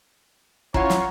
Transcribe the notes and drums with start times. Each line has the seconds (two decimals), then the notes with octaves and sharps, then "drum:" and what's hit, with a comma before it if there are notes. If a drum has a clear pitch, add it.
0.74 C#4 E4 F4 C#5 F#5 A#5, drum: kick
0.90 drum: snare